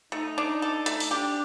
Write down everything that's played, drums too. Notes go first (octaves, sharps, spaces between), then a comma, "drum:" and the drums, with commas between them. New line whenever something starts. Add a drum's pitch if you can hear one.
A3 D#4
D4
A4
A3, drum: hi-hat
drum: open hi-hat
D4 G4